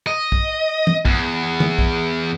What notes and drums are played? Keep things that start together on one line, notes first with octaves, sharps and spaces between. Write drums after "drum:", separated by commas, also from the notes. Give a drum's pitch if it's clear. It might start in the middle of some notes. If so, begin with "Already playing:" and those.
D#5
drum: kick
drum: tom
E2, drum: kick
drum: tom D3
drum: kick